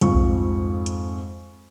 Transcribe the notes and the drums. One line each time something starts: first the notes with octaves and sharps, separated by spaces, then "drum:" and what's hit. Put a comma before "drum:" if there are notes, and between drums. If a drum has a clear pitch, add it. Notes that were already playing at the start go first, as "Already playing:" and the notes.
F2 G#2 F4 C#6, drum: hi-hat
drum: kick B1
drum: hi-hat